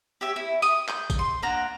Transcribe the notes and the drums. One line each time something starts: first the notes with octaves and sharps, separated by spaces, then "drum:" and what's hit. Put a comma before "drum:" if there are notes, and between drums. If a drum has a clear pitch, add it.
G4 C#5 E5
E4
D#6, drum: tambourine
G6, drum: clap
drum: kick, tambourine
C6
A#3 D4 F#5 A#5